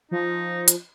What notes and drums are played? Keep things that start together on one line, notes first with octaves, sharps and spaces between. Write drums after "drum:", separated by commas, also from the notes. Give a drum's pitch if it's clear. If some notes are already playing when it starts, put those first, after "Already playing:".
F3 D#4
drum: hi-hat